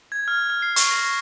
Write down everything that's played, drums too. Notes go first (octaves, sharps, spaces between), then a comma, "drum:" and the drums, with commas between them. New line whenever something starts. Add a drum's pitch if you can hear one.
G#6
F6
F6
C7
C#6, drum: hi-hat
A#6